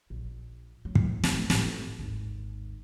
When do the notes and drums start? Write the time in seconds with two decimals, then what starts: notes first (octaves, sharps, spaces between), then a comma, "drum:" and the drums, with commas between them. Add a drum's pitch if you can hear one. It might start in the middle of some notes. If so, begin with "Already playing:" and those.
0.10 A#1
0.85 F#3
0.95 drum: kick
1.23 A1 A3, drum: snare
1.50 A2 F3, drum: snare
1.99 G#1 D#2